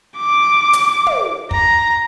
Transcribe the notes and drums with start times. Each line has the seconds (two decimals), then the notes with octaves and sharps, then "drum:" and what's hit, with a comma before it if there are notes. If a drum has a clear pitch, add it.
0.17 D6
0.73 drum: hi-hat
1.07 drum: tom
1.51 A#5, drum: kick